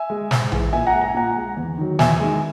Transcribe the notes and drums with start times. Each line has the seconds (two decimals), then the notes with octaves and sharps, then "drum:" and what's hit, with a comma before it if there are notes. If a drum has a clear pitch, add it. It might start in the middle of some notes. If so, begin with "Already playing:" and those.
Already playing: E5 G#5
0.10 G#3
0.31 G#2, drum: snare
0.52 E3 G#3, drum: tom A#1
0.73 A#2 E5 G#5
0.87 F#5 A#5
0.94 G#3
1.01 A#5
1.09 G#5
1.14 A#2 F#5 A#5
1.36 G#3
1.57 E2
1.78 D#3 F#3
1.99 E2 E5 G#5, drum: snare
2.20 D#3 G#3